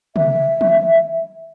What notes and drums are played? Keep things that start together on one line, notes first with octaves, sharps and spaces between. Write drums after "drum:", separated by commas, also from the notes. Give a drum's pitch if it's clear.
E5, drum: tom
drum: tom